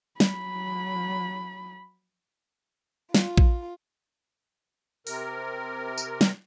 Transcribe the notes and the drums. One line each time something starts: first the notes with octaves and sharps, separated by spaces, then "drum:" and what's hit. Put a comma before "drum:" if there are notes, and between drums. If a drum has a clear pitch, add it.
F#3 B5, drum: snare
F4, drum: snare
drum: kick A#1
C3 A#4, drum: open hi-hat
drum: tambourine
drum: snare